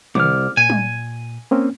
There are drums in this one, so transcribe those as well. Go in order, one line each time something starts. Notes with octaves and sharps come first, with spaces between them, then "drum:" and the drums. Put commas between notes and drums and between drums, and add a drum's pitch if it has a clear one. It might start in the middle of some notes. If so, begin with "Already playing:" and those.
C2 D6 F6, drum: tom
A#2 G#5
drum: tom
A#3 C4 C#4